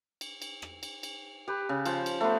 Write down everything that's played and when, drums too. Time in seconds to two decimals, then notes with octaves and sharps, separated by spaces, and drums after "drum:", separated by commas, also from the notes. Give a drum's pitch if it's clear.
0.21 drum: cymbal
0.42 drum: cymbal
0.62 drum: rim click
0.83 drum: cymbal
1.03 drum: cymbal
1.48 G4 B4
1.69 C#3
1.86 F3 C5, drum: cymbal
2.06 drum: cymbal
2.21 A3 B3 B4 C5